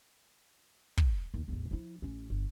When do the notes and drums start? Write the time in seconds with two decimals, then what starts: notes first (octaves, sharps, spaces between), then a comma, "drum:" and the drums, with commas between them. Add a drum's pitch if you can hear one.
0.97 drum: kick
1.34 D#2
1.48 A1 E2
1.71 F3 E4
2.02 A1 C#4
2.30 G1